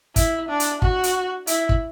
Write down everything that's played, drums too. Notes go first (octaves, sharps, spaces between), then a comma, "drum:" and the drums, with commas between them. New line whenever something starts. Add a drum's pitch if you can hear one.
E4, drum: kick, hi-hat
D4
drum: hi-hat
F#4, drum: kick
drum: hi-hat
E4, drum: hi-hat
drum: kick